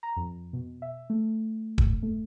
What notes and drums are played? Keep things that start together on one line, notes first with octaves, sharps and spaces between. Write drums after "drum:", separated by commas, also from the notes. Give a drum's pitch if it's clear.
A#5
F2
B2
E5
A3
drum: kick D#1
A3